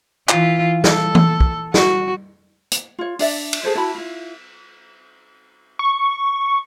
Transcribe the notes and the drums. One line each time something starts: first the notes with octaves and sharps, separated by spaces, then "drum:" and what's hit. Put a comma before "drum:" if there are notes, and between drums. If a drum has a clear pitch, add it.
E3 F4, drum: clap
A4, drum: snare
drum: tom E3
drum: kick
F#4, drum: snare
drum: hi-hat
F4 C#5
D4 D5 E5, drum: open hi-hat
drum: cymbal
G#4 A4 C5 C#5
E4 F#4 A5 B5
E4 F4
C#6